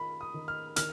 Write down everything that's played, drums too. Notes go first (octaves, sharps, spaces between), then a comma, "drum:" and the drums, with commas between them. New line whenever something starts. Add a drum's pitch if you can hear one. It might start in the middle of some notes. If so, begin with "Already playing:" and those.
Already playing: D#3 F4 B5
D#6
D#3
F6
D#3 F6, drum: hi-hat